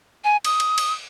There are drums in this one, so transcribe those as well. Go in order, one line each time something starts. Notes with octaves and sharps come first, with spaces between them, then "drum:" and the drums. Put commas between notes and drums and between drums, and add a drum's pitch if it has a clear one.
G#5
D#6, drum: cymbal
drum: cymbal
drum: cymbal